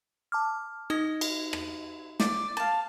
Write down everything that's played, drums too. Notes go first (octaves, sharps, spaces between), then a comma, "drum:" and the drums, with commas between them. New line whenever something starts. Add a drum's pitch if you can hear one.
A5 D6 F6
D#4 D#5
drum: cymbal
drum: rim click
D5, drum: snare
F5 A5